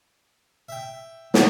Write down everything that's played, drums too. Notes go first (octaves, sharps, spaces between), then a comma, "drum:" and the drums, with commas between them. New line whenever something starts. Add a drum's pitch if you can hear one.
E5 G5
A#3, drum: snare